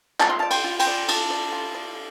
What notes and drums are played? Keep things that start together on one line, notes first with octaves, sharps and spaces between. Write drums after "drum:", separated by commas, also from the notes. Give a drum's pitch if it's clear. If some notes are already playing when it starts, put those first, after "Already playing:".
F4 A5, drum: clap
C6
D5 F5 A5
G5 C6, drum: cymbal
F4
G5 C6, drum: cymbal
D5
F4 A5 D6, drum: cymbal
D5
F4
D5